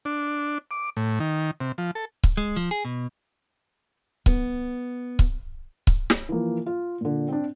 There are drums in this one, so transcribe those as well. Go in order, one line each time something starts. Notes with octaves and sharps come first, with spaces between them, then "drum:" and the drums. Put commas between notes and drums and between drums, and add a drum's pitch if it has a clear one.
D4
D6
A2
D#3
C3
F3
A4
drum: kick C#1
G#3
F3
G#4
B2
B3, drum: kick C#1
drum: kick C#1
drum: kick C#1
drum: snare
E3 F3 A#3
F4
A#2 D3
C4 D4